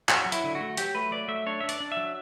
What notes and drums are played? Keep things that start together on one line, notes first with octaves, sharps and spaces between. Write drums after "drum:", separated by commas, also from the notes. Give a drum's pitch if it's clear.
F#3 F#4, drum: clap
F#3
E4, drum: hi-hat
D3
F#4
A3
F#3 G4, drum: hi-hat
A3 B4
F#3 D5
A3 E5
D4 C#5
D4 E5
D5, drum: hi-hat
D4
E5
F#3